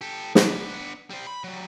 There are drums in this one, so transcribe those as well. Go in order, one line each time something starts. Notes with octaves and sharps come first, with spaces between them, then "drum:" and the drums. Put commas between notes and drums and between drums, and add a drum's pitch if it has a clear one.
G4 A4
B3 D4, drum: snare
G3 C5
B5
F#3 G3